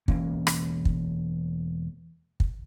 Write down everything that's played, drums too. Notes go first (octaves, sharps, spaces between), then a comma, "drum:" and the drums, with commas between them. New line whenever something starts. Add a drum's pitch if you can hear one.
E1 E3 A#3 C#4, drum: kick
drum: rim click
drum: kick
drum: kick